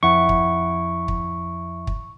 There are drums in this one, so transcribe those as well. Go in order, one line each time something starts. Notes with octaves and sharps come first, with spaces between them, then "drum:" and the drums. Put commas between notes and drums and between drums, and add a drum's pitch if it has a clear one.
F2 E4 F#5 C#6
drum: kick
drum: kick
drum: kick